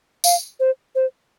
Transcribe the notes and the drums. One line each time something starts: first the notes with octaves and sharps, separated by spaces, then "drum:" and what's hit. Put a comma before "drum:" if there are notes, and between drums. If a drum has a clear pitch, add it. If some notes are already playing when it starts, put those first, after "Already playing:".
F5, drum: tambourine
C5
C5